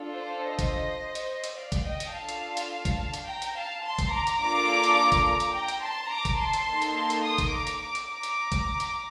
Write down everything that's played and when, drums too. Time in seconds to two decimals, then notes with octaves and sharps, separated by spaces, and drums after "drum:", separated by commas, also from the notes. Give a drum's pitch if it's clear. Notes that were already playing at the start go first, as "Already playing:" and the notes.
Already playing: D4 F4 A4
0.16 C5
0.44 C5 D#5
0.59 drum: kick, hi-hat
1.15 drum: hi-hat
1.44 drum: hi-hat
1.57 D5 F5
1.72 drum: kick, hi-hat
1.86 D#5 G5
2.00 drum: hi-hat
2.14 D4 F4 A4 F5 A5
2.29 drum: hi-hat
2.57 drum: hi-hat
2.85 drum: kick, hi-hat
3.14 drum: hi-hat
3.27 G5 A#5
3.42 drum: hi-hat
3.56 F5 A5
3.84 A5 C6
3.99 drum: kick, hi-hat
4.13 A#5 D6
4.27 drum: hi-hat
4.40 A#3 D4 F4 A4 A#5 D6
4.83 drum: hi-hat
5.12 drum: kick, hi-hat
5.40 drum: hi-hat
5.54 G5 A#5
5.68 drum: hi-hat
5.82 A5 C6
6.10 A#5 D6
6.25 drum: kick, hi-hat
6.39 A5 C6
6.53 drum: hi-hat
6.67 A#3 D#4 A4
6.82 drum: hi-hat
7.10 drum: hi-hat
7.24 C6 D#6
7.38 drum: kick, hi-hat
7.52 A#5 D6
7.67 drum: hi-hat
7.80 A#5 D6
7.95 drum: hi-hat
8.09 A#5 D6
8.23 drum: hi-hat
8.52 drum: kick, hi-hat
8.80 drum: hi-hat